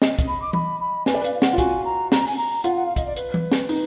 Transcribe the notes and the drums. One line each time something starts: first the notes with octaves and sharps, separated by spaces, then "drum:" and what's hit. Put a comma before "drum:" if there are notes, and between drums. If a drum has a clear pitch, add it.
D#5, drum: snare
drum: kick, hi-hat
B5
D6
B5, drum: tom E3
B5
B4 G#5, drum: snare
D5
B4
F5, drum: hi-hat
F5
F#5, drum: snare
F4
F#4 G#5, drum: kick, hi-hat
A#5
A#5, drum: snare
G#5, drum: open hi-hat
A#5
F4 F#5, drum: hi-hat
F#5
F5
D#5, drum: kick, hi-hat
D5
B4, drum: hi-hat
drum: tom E3
drum: snare
D#4, drum: open hi-hat